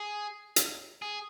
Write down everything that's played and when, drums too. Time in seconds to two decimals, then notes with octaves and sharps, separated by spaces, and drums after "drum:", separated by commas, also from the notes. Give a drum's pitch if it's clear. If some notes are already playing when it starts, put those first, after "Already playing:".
Already playing: G#4
0.56 drum: hi-hat
1.02 G#4